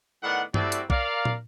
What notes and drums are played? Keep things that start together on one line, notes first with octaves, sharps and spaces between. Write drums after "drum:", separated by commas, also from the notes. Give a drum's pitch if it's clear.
A2 D#3 B3 D5 F#5
G3 A3 C4 E4 F#4 D5, drum: tom G2
drum: hi-hat
A#4 D5 F5, drum: kick B1
drum: tom